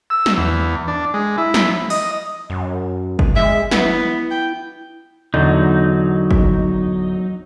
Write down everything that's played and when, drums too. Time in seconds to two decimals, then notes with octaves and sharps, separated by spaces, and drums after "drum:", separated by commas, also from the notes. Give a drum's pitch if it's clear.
0.10 E6
0.26 drum: snare
0.38 E2
0.88 D4
1.14 G#3
1.38 E4
1.54 drum: snare
1.90 D#5, drum: open hi-hat
2.50 F#2
3.19 drum: kick
3.36 G#3 E5
3.71 B3 E4, drum: snare
4.31 G5
5.34 E2 D3 F#3 D#4
6.31 drum: kick